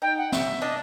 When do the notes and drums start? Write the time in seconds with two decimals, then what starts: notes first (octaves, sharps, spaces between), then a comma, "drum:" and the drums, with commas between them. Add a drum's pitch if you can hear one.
0.02 D#4 G5
0.17 F#5
0.32 E5, drum: snare
0.62 D4 D#5